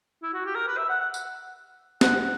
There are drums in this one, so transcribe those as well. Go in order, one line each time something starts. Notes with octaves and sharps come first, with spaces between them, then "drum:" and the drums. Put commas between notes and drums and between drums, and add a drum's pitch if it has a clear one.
E4
F#4
G4
A#4
B4
E5
F#5
F#5
drum: tambourine
F#5, drum: snare